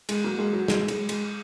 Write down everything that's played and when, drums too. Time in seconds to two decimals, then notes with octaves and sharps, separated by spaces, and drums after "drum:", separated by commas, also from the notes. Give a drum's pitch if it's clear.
0.09 G#3, drum: cymbal
0.24 F#3 A#3
0.39 G#3
0.53 F#3
0.68 G#3, drum: snare
0.88 G#3, drum: cymbal
1.09 G#3, drum: cymbal